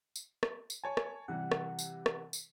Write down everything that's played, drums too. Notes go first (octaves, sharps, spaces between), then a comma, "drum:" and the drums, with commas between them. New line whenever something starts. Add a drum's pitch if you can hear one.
drum: tambourine
drum: rim click
drum: tambourine
C#5 G#5 A5
drum: rim click
C3 E3 G3 F#5
drum: rim click
drum: tambourine
drum: rim click
drum: tambourine